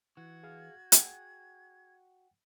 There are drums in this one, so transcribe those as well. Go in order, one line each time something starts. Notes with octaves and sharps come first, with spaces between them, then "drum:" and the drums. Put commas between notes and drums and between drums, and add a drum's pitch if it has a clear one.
E3 F#4 G#6
G#4 F5 F6
G#4 F#5 G5, drum: hi-hat